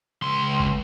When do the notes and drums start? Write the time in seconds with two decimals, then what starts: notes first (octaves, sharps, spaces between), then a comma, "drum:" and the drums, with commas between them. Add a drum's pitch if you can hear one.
0.22 C#2 C6
0.60 drum: kick G1